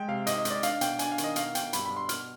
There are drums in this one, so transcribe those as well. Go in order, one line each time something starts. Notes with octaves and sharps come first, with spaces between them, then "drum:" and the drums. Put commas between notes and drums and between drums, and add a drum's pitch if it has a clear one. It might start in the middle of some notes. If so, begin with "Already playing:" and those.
Already playing: G#3 G5
C3 F5
G#2 D#5, drum: hi-hat
D#5
G#2, drum: hi-hat
D5
D4 F5, drum: hi-hat
B2 G5, drum: hi-hat
D4 G#5, drum: hi-hat
F5
D#3, drum: hi-hat
D#5
B2 F5, drum: hi-hat
B2 G5, drum: hi-hat
G2 B5, drum: hi-hat
G2 B5
C6
B2 F6, drum: hi-hat